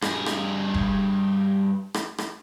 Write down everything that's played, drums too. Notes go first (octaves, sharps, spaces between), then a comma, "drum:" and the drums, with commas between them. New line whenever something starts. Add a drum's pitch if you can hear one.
G2 G#4, drum: rim click
drum: rim click
drum: kick
drum: rim click
drum: rim click